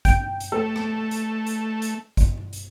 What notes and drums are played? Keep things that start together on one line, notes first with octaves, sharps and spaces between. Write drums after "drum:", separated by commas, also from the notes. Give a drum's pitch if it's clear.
G5, drum: kick, hi-hat
drum: hi-hat
A3 A4
drum: rim click
drum: hi-hat
drum: hi-hat
drum: hi-hat
drum: kick, hi-hat
drum: hi-hat